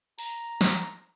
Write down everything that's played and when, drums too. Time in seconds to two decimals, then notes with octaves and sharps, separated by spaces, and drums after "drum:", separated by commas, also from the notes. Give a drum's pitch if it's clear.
0.19 A#5, drum: open hi-hat
0.61 drum: snare